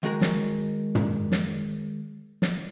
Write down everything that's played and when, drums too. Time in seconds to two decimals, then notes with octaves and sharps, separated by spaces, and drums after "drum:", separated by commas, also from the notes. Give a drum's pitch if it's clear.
0.03 D#3 G#3 F#4 G#4 A#4
0.21 drum: snare
0.95 drum: tom
1.32 drum: snare
2.42 drum: snare